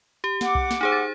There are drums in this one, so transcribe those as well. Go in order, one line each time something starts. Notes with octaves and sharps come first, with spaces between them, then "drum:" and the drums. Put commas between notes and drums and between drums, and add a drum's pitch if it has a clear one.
G4
F#5 D6, drum: snare
drum: kick B1
drum: snare
D#4 G#4 C5
A6